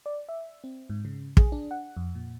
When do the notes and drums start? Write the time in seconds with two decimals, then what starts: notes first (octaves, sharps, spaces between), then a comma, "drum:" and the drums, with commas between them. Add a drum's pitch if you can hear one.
0.06 D5
0.29 E5
0.64 C4
0.90 G#2
1.05 C#3
1.37 G#4, drum: kick
1.52 D4
1.71 F#5
1.97 F2
2.15 A#2